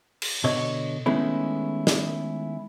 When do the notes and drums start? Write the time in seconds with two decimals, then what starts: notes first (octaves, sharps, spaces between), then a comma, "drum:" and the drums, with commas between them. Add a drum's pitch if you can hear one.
0.22 drum: cymbal
0.44 B2 D3 C#5 D#5
1.06 D#3 G#3 A3 B3 C#4 E4
1.87 drum: snare